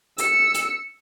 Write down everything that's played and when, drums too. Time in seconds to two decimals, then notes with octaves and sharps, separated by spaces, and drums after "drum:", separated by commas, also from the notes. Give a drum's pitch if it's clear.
0.18 E6 C#7, drum: hi-hat
0.54 drum: hi-hat